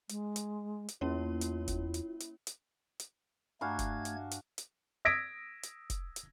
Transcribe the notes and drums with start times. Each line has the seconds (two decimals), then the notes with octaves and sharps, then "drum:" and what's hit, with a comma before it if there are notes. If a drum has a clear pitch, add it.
0.09 G#3, drum: hi-hat
0.36 drum: hi-hat
0.88 drum: hi-hat
1.01 E2 A#3 C#4 E4 F4 C#5
1.41 drum: hi-hat
1.68 drum: kick, hi-hat
1.94 drum: hi-hat
2.20 drum: hi-hat
2.47 drum: hi-hat
3.00 drum: hi-hat
3.61 G2 A3 D4 F#4 F5 G#5 A#5 G#6
3.79 drum: kick, hi-hat
4.05 drum: hi-hat
4.31 drum: hi-hat
4.58 drum: hi-hat
5.05 D#6 E6 G#6 A#6 B6 D7
5.63 drum: hi-hat
5.90 drum: kick, hi-hat
6.16 drum: hi-hat